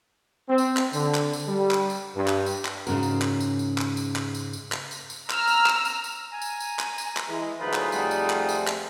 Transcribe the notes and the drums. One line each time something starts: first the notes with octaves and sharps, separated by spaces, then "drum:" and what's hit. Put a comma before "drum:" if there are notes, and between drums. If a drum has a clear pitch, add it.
C4
drum: tambourine
drum: clap
D3, drum: tambourine
drum: clap
drum: tambourine
G3
drum: clap
drum: tambourine
G2
drum: clap
drum: tambourine
drum: clap
G#2 C#3 C#4 F#4 A#4, drum: tambourine
drum: tambourine
drum: clap
drum: tambourine
drum: tambourine
drum: clap
drum: tambourine
drum: clap
drum: tambourine
drum: tambourine
drum: clap
drum: tambourine
drum: tambourine
A#5 E6 F6, drum: clap
drum: tambourine
drum: clap
drum: tambourine
drum: tambourine
G#5 A#5
drum: tambourine
drum: tambourine
drum: clap
drum: tambourine
drum: clap
E3 G#3
D2 F#3 D#4 F4 G#4 B4 B5
drum: clap
F2 G3 A3 F#5, drum: tambourine
drum: tambourine
drum: clap
drum: tambourine
drum: clap